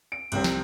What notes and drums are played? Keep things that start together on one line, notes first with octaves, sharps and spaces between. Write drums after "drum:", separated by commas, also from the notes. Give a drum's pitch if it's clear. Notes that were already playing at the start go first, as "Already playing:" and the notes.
D7
C2 C3 G3 C4, drum: cymbal
drum: snare